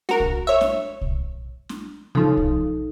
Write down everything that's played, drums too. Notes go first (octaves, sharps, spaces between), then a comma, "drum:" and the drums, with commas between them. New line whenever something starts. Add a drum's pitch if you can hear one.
F#4 A#4, drum: snare
drum: kick
C#5 E5
drum: snare
drum: kick
drum: snare
C#3 F3 D#4 A4
drum: kick